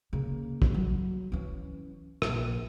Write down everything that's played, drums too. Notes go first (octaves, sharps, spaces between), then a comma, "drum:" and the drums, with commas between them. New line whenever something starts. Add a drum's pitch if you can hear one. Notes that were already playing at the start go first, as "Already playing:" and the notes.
C#3 A#3
drum: kick
F#3
E3 C#4
A#1, drum: rim click